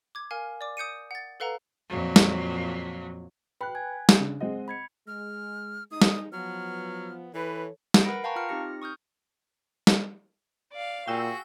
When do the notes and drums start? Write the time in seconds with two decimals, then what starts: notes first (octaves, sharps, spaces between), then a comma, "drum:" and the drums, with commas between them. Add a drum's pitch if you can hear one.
0.15 D6 G#6
0.31 A#4 F5 G#5 F6
0.61 D5 D6
0.77 D#6 G6 C#7 D#7
1.11 F#5 A6
1.40 A4 B4 F5 F#5 A#5
1.88 F2 A#2 F#3
2.16 drum: snare
3.61 B4 G5 B5 F#6
3.75 G#5 G#6
4.09 drum: snare
4.20 C#3 D4
4.41 G#3 C4 D#5 F#5
4.68 B5 G#6 C#7
5.07 G#3 F6
5.91 G#3 D#4 D#6
6.02 drum: snare
6.32 F3 F#3 B3 F6
7.34 E3 A4 B4 C#5
7.94 drum: snare
8.04 A#4 B4 F#5 B5 A#6 D7
8.24 F5 G5 A5 A#5 C#6
8.36 F4 F6 C#7
8.49 C4 D#4 G4 A#6
8.82 C#6 D#6 F6 G6
9.87 drum: snare
10.71 D5 F5
11.08 A#2 F#4 G#4 G5 E6